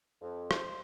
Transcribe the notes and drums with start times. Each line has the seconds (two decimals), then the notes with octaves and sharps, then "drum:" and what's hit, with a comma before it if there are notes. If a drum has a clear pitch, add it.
0.22 F2
0.51 C5, drum: rim click